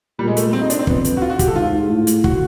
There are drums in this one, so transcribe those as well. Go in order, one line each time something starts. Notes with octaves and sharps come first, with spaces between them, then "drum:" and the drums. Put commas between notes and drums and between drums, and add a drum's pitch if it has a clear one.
A#2 G3
G#3
A3, drum: hi-hat
C4
D#4
D4, drum: hi-hat
C4
F2 B3, drum: kick
drum: hi-hat
F#4
F4
F#4
G4, drum: kick, hi-hat
A4
G#2 F4
A2
drum: hi-hat
F#4, drum: kick